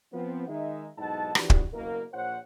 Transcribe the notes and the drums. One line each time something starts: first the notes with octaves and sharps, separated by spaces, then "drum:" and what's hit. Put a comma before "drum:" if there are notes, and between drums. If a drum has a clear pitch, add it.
F3 B3 C4
D#3 G#3 D#4 E5
B1 G#2 E4 D#5 F#5 A5
E3 F3 B3 D4 F#4 G4, drum: rim click
drum: kick
F#1 B2 A#3 A#4
A#1 C5 C#5 F#5